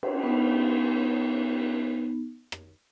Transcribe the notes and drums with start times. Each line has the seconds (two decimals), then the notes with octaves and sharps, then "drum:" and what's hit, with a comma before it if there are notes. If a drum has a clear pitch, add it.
0.03 drum: cymbal
0.23 B3 D#4
2.52 drum: rim click